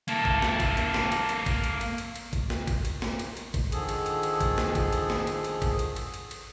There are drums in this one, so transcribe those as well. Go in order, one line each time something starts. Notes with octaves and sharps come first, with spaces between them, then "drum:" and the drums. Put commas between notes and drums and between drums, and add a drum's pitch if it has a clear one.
A#3 A4, drum: cymbal
drum: kick G#1
drum: snare
drum: kick G#1, cymbal
drum: cymbal
drum: snare
drum: cymbal
drum: cymbal
drum: kick G#1, cymbal
drum: cymbal
drum: cymbal
drum: cymbal
drum: cymbal
drum: kick G#1, cymbal
drum: snare
drum: kick G#1, cymbal
drum: cymbal
drum: snare
drum: cymbal
drum: cymbal
drum: kick G#1, cymbal
D3 D#3 F3 G#4 A4, drum: cymbal
drum: cymbal
drum: cymbal
drum: cymbal
drum: kick G#1, cymbal
drum: snare
drum: kick G#1, cymbal
drum: cymbal
drum: snare
drum: cymbal
drum: cymbal
drum: kick G#1, cymbal
drum: cymbal
drum: cymbal
drum: cymbal
drum: cymbal